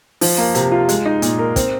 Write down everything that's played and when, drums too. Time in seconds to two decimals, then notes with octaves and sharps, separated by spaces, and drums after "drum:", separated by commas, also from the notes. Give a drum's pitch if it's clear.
0.21 F3, drum: open hi-hat
0.38 A#3
0.55 C3, drum: hi-hat
0.72 F4
0.89 G#3, drum: hi-hat
1.06 D#4
1.22 A#2, drum: hi-hat
1.39 A#4
1.56 C4, drum: kick, hi-hat